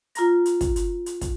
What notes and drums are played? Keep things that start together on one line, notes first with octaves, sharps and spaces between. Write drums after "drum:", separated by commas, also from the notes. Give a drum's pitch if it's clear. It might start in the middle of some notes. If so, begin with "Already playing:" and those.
F4 A#5 A#6, drum: hi-hat
drum: hi-hat
drum: kick, hi-hat
drum: hi-hat
drum: hi-hat
drum: kick, hi-hat